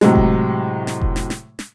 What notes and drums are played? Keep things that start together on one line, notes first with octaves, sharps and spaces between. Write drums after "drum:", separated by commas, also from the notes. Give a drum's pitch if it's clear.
A2 C3 F#3 G#3, drum: snare
drum: kick F1
drum: snare
drum: kick F1
drum: snare
drum: snare
drum: snare